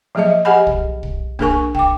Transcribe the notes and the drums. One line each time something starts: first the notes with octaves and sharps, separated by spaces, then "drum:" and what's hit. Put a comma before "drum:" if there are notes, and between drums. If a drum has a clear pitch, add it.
F3 F#3 A#3 G#4 D#5 E5
G4 G#4 D#5 F#5 G#5 B5
drum: kick
drum: kick
A#3 D4 G#4 A#4 G#5 C#6, drum: kick
G5 D6, drum: kick